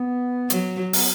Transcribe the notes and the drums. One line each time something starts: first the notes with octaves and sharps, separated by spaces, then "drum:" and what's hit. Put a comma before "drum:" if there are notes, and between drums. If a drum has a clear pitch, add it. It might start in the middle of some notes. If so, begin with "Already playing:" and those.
Already playing: B3
F#3, drum: hi-hat
B3, drum: open hi-hat